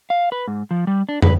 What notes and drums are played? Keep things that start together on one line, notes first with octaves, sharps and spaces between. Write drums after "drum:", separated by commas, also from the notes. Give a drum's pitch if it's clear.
F5
B4
G#2
F3
G3
D4
B4, drum: tom